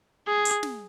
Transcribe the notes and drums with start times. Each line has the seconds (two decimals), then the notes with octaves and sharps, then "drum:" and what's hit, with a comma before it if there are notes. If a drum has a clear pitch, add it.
0.27 G#4
0.45 drum: hi-hat
0.63 drum: snare